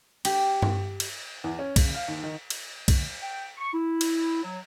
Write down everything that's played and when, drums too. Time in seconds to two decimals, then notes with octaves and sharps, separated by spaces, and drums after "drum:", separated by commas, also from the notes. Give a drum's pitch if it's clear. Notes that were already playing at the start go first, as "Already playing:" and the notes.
0.25 G4, drum: cymbal
0.62 drum: tom G2
1.00 drum: cymbal
1.44 E2
1.59 C#4
1.76 C#3, drum: kick, cymbal
1.94 F5
2.08 D#2
2.24 D#3
2.50 drum: cymbal
2.88 drum: kick, cymbal
3.22 G5
3.57 C#6
3.73 E4
4.01 drum: cymbal
4.43 F#3